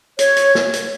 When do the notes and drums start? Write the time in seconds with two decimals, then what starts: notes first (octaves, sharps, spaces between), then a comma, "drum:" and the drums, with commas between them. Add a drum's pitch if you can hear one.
0.19 C#5, drum: hi-hat
0.37 drum: hi-hat
0.55 drum: snare
0.73 drum: hi-hat